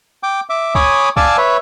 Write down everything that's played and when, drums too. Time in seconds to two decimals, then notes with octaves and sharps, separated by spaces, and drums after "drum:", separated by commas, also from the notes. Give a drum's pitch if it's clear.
0.23 G5 D6
0.50 E5 D6
0.75 C#5 G#5 B5 D6 D#6, drum: kick
1.17 D5 F5 G#5 A5 D6 E6, drum: kick
1.38 B4 C#5 E5